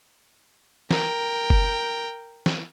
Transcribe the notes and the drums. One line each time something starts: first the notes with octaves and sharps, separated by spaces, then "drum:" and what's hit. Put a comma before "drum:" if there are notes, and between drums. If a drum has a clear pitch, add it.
A#4 G5, drum: snare
drum: kick F#1
drum: snare